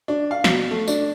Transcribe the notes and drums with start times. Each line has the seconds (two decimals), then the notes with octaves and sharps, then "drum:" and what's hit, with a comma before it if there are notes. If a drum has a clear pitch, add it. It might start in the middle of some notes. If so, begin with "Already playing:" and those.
0.08 D4
0.31 F5
0.44 B2, drum: snare
0.71 A3
0.88 D4, drum: tambourine